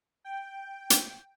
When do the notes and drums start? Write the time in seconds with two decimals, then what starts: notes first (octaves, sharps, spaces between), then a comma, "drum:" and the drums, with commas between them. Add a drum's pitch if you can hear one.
0.25 G5
0.90 drum: hi-hat